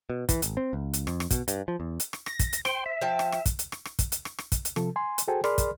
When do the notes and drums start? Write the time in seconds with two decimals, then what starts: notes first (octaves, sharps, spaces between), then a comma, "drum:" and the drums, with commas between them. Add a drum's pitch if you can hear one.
0.10 B2
0.29 E3, drum: kick, hi-hat
0.42 G#1, drum: hi-hat
0.57 C4
0.73 C#2
0.94 drum: hi-hat
1.07 F2, drum: rim click
1.20 drum: rim click
1.31 B2, drum: kick, hi-hat
1.48 G2, drum: hi-hat
1.68 F3
1.80 E2
2.00 drum: hi-hat
2.13 drum: rim click
2.26 A#6, drum: rim click
2.40 drum: kick, hi-hat
2.53 drum: hi-hat
2.65 C5 G5 C6, drum: rim click
2.86 E5
3.01 F3 G5 A5
3.19 drum: rim click
3.32 drum: rim click
3.46 drum: kick, hi-hat
3.59 drum: hi-hat
3.72 drum: rim click
3.85 drum: rim click
3.99 drum: kick, hi-hat
4.12 drum: hi-hat
4.25 drum: rim click
4.38 drum: rim click
4.52 drum: kick, hi-hat
4.65 drum: hi-hat
4.76 C3 F3 A4, drum: rim click
4.96 G#5 C6
5.18 drum: hi-hat
5.28 F#4 G#4 A4 C5 G5 G#5
5.44 G#4 A#4 D5 B5 C6 F6, drum: rim click
5.58 drum: kick, hi-hat